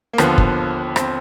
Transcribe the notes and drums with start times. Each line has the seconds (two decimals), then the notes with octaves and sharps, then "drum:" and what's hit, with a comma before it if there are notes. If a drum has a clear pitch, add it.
0.13 A#3
0.18 D#2 D3 F3 B3, drum: rim click
0.38 drum: kick
0.96 C4, drum: rim click